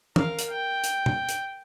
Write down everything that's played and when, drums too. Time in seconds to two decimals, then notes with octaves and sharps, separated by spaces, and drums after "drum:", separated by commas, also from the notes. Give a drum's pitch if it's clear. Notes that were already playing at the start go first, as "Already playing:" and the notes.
0.16 A#4 F5, drum: tom
0.39 drum: hi-hat
0.51 G5
0.84 drum: hi-hat
1.06 drum: tom B2
1.29 drum: hi-hat